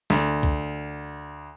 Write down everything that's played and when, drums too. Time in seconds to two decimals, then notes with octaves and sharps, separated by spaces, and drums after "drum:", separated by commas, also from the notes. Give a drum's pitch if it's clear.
0.10 D2, drum: snare
0.43 drum: kick C#2